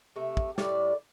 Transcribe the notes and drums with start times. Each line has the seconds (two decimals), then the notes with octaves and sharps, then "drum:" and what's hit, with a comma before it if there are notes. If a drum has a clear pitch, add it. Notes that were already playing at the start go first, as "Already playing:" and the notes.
0.16 C3 A3
0.37 drum: kick
0.58 A2 G3 D5, drum: snare